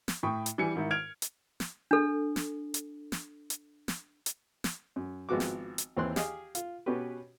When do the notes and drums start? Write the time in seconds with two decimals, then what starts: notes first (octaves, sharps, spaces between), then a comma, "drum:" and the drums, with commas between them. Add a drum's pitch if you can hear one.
0.08 drum: snare
0.23 A2 G5 B5 C#6 D#6
0.46 drum: hi-hat
0.58 E3 G3 G#5 C#7
0.76 G#2 D#3 E4
0.91 F6 G#6 D7 F7
1.22 drum: hi-hat
1.60 drum: snare
1.91 D4 A4
2.36 drum: snare
2.74 drum: hi-hat
3.12 drum: snare
3.50 drum: hi-hat
3.88 drum: snare
4.26 drum: hi-hat
4.64 drum: snare
4.96 F#2
5.29 G#1 F3 B3 F#4 D6
5.40 drum: snare
5.78 drum: hi-hat
5.97 D#2 E3 C4 C6 F#6
6.16 G4 G#4 D#5 F5, drum: snare
6.55 F4, drum: hi-hat
6.86 B2 C#4 F#4 G4 B4